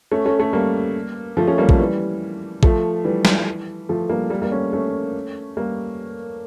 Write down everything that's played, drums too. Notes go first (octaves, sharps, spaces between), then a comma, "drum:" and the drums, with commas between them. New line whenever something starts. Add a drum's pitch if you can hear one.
A3 C#4
A3 C#4
A3 C#4
G3 A#3
F3 A3
A3 C#4
G3 A#3
F3 A3, drum: kick A1
E3 G3
F3 A3, drum: kick A1
E3 G3
drum: snare
F3 A3
G3 A#3
G3 A#3
G3 A#3
A3 C#4
A3 C#4
G3 A#3